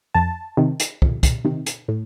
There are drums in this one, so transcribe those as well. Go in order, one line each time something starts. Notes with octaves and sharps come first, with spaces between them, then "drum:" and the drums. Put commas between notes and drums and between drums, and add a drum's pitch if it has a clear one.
F2 A5
C3 D#3
drum: hi-hat
F2, drum: kick
drum: kick, hi-hat
C3 D#3
drum: hi-hat
A2